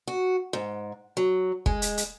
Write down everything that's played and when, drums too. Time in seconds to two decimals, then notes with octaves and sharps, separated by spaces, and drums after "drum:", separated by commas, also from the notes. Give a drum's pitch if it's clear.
0.07 F#4
0.53 G#2
1.17 F#3
1.66 G#3, drum: kick
1.82 drum: hi-hat
1.97 drum: hi-hat